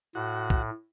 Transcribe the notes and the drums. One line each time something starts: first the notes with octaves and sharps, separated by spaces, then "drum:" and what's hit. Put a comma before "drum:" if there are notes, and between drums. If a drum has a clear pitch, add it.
A2 F#4
drum: kick